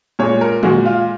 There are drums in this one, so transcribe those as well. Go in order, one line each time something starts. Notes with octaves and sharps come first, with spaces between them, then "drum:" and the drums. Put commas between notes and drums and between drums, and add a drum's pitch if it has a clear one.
A#2 G#3 C#5
A#4
A#2 G#3 F#4, drum: tom
F4